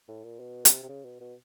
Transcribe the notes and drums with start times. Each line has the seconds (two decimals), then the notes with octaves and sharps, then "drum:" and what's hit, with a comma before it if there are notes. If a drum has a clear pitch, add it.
0.08 A2
0.24 A#2
0.40 B2
0.65 C3, drum: hi-hat
0.83 C3
0.89 C#3
1.04 B2
1.20 B2